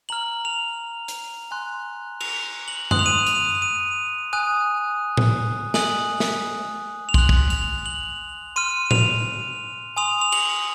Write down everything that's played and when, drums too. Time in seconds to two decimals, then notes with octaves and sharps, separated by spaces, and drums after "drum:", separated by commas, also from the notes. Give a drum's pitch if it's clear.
0.09 A#5 F6 F#7
0.45 F7
1.08 drum: hi-hat
1.51 G#5 C6 F#6
2.21 F7, drum: cymbal
2.68 F#7
2.91 C6 D#6 F#6 F#7, drum: tom F#2
2.99 F7
3.06 D#7
3.14 F7
3.27 F7, drum: hi-hat
3.62 D#7
4.33 G#5 D#6 F#6
5.17 drum: tom A2
5.74 G#5 D#6 F#6 F#7, drum: snare
6.20 drum: snare
7.09 F7
7.14 C6 F#6 F#7, drum: kick
7.29 drum: kick
7.50 F7, drum: tambourine
7.86 F#7
8.56 C6 F6 D#7
8.91 F7, drum: tom A2
9.96 G#5 C6 D#6 F7
10.22 F7
10.32 F#7, drum: cymbal